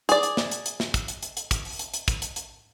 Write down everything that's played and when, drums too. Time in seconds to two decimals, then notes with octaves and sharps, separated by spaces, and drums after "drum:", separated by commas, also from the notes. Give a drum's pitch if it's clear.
0.09 G#4 D5, drum: hi-hat
0.23 drum: hi-hat
0.37 drum: snare
0.51 drum: hi-hat
0.66 drum: hi-hat
0.80 drum: snare
0.94 drum: kick, hi-hat
1.08 drum: hi-hat
1.22 drum: hi-hat
1.37 drum: hi-hat
1.51 drum: kick, hi-hat
1.65 drum: open hi-hat
1.79 drum: hi-hat
1.94 drum: hi-hat
2.08 drum: kick, hi-hat
2.22 drum: hi-hat
2.36 drum: hi-hat